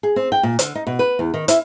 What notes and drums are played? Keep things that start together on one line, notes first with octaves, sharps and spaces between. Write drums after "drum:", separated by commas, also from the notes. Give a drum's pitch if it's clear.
G#4
C4
G5
A#2
D3, drum: hi-hat
D#4
B2
B4
E2
D#3
E4, drum: hi-hat